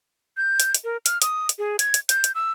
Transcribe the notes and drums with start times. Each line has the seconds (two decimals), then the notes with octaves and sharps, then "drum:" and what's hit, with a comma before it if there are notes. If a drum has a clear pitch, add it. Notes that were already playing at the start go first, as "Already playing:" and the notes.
0.37 G6
0.60 drum: hi-hat
0.75 drum: hi-hat
0.84 A#4
1.06 F6, drum: hi-hat
1.22 D#6, drum: hi-hat
1.49 drum: hi-hat
1.59 G#4
1.79 G#6, drum: hi-hat
1.94 drum: hi-hat
2.09 G6, drum: hi-hat
2.24 drum: hi-hat
2.35 E6